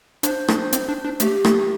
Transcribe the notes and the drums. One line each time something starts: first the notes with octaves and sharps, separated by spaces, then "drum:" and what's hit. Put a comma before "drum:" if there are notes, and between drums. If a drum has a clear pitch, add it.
D4 C5, drum: hi-hat
D4, drum: rim click
C4, drum: hi-hat
D4
D4
A3 G4, drum: hi-hat
A3, drum: rim click